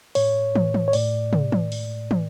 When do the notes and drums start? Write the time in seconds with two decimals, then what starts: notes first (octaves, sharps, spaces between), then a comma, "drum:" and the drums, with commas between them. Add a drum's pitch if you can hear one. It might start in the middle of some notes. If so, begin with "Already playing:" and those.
0.15 A2 C#5, drum: open hi-hat
0.55 A2, drum: tom
0.74 drum: tom
0.88 C#5
0.93 A2 D5, drum: open hi-hat
1.33 A2, drum: tom
1.52 drum: tom
1.72 drum: open hi-hat
2.11 drum: tom